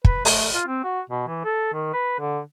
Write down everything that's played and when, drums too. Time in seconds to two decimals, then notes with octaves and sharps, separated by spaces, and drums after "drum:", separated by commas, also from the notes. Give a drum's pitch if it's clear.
0.05 B4, drum: kick
0.25 A3, drum: open hi-hat
0.54 F4
0.67 C4
0.84 F#4
1.10 B2
1.28 E3
1.44 A4
1.73 D#3
1.94 B4
2.19 D3